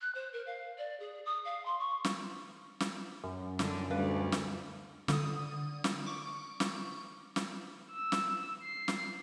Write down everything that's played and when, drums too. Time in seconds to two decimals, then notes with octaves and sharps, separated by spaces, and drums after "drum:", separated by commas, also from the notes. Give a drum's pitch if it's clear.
0.01 F#6
0.15 C5
0.33 A#4
0.46 F5
0.78 D5
1.00 G#4
1.25 D#6
1.45 F5
1.65 C6
1.79 C#6
2.05 drum: snare
2.80 drum: snare
3.24 F#2
3.59 D3, drum: snare
3.90 D2 G3 D4 B4 F5
4.32 drum: snare
5.08 D3 D#6, drum: snare
5.84 drum: snare
6.06 C#6 D6
6.60 drum: snare
7.36 drum: snare
7.92 E6
8.12 drum: snare
8.64 C7
8.88 drum: snare